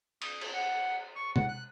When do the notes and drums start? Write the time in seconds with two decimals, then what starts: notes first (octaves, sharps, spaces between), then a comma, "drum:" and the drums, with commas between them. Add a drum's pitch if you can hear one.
0.22 D#6, drum: cymbal
0.41 drum: cymbal
0.54 F#5
1.16 C#6
1.36 F#5, drum: tom
1.48 F#6